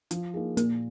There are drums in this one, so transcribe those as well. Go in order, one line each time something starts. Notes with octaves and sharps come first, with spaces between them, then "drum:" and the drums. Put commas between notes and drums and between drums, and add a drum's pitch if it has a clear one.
F3, drum: hi-hat
A#3 D#4 G#4
A#2 A#3, drum: hi-hat